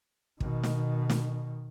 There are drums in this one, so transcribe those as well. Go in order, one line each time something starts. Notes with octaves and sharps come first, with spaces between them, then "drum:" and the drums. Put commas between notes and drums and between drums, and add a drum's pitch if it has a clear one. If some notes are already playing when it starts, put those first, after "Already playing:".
B2 D#3, drum: kick
drum: snare
drum: snare